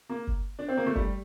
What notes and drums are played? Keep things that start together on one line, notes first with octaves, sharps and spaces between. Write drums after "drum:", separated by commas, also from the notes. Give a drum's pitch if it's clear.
A#3
drum: kick F#1
D4
C4
A#3
A3
G3, drum: kick F#1